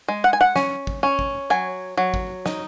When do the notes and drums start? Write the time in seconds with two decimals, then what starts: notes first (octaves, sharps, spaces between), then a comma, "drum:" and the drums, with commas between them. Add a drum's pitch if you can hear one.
0.08 G#3
0.24 F#5
0.33 G#5
0.41 F#5
0.56 C#4, drum: snare
0.87 drum: kick
1.03 C#4
1.19 drum: kick
1.50 F#3 G#5
1.97 F#3
2.14 drum: kick
2.46 D#4, drum: snare